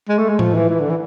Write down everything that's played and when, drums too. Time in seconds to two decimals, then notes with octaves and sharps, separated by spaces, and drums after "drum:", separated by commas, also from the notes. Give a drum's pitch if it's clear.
0.09 G#3
0.19 A3
0.29 G#3
0.39 F3, drum: tom A2
0.55 E3
0.69 E3
0.80 D3
0.90 E3